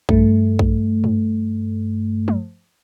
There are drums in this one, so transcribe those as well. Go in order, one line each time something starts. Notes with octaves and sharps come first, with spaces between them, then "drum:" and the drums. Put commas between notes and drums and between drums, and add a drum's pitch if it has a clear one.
G2 A3, drum: kick A#1
drum: kick A#1
drum: tom
drum: tom